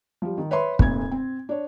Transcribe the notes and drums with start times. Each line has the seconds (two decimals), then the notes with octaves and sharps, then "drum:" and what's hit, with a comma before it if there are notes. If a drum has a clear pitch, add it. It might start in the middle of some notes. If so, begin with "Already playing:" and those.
0.22 F3 G3
0.38 D#3
0.51 B4 C#5 E5 B5 C6
0.79 F1 A#2 A3 G#6, drum: kick
1.11 C4
1.49 D4 C#5